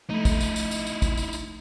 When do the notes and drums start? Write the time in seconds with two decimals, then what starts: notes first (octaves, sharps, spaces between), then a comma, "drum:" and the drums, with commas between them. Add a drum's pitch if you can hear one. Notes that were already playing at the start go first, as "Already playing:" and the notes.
0.10 F3 A3 D#4 E4
0.25 drum: kick, tambourine
0.41 drum: tambourine
0.56 drum: tambourine
0.71 drum: tambourine
0.87 drum: tambourine
1.02 drum: kick, tambourine
1.17 drum: tambourine
1.33 drum: tambourine